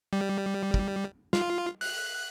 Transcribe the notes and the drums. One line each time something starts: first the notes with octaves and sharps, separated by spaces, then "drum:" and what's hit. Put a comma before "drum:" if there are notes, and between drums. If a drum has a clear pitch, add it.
G3
drum: kick
F4, drum: snare
F#6, drum: open hi-hat